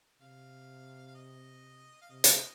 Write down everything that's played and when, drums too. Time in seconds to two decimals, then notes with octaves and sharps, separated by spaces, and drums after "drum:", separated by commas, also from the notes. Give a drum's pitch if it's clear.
0.21 C3 F5
1.08 F5
1.15 D#5
2.01 F5
2.10 C3 D#5
2.24 drum: hi-hat